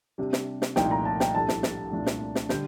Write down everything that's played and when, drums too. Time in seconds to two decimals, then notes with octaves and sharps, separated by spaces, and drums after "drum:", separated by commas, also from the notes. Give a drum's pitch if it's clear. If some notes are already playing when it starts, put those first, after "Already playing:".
0.18 C3 G3 D4
0.33 drum: snare
0.62 drum: snare
0.76 C2 A#2 F3 A3 D#4 G5, drum: snare
0.91 A#5
1.05 A5
1.20 G5, drum: snare
1.34 A#1 A2 G3 D4 A4 A5
1.49 drum: snare
1.63 drum: snare
1.92 C2 A#2 A3 D4
2.06 drum: snare
2.35 drum: snare
2.49 D3 G3 G6, drum: snare